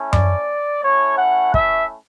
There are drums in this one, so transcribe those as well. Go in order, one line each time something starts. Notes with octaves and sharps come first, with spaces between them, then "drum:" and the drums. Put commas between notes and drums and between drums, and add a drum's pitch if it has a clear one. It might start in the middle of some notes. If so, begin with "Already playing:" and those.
Already playing: A3 C#4 E4
D5, drum: tom F#2
A3 C#4 E4 C#5
F#5
E5, drum: kick